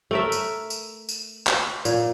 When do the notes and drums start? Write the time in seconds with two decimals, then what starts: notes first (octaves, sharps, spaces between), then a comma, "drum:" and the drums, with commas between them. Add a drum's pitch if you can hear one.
0.11 A3 A#4 E5
0.32 drum: tambourine
0.70 drum: tambourine
1.09 drum: tambourine
1.47 drum: clap
1.85 A#2, drum: tambourine